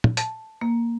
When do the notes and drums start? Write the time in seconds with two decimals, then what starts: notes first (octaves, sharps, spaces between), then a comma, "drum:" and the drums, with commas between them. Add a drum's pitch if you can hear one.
0.04 drum: tom
0.17 A5, drum: hi-hat
0.61 A#3